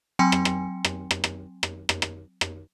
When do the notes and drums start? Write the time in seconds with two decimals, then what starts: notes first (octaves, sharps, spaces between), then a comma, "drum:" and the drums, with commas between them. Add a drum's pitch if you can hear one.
0.19 F#3 C4 G5 G#5 C6 C#7
0.32 drum: rim click
0.45 drum: rim click
0.84 drum: rim click
1.11 drum: rim click
1.24 drum: rim click
1.63 drum: rim click
1.89 drum: rim click
2.02 drum: rim click
2.41 drum: rim click